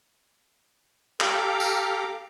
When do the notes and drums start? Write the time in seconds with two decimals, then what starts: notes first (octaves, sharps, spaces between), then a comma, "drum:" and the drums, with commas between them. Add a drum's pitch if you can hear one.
1.20 G4 A4 F5 A#5 D6, drum: clap
1.60 drum: tambourine